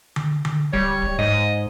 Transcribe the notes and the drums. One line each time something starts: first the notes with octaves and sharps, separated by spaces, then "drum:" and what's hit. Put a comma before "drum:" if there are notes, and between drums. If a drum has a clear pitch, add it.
drum: tom D3
drum: tom D3
G3 C#5, drum: kick D1
drum: kick D1
G#2 D#5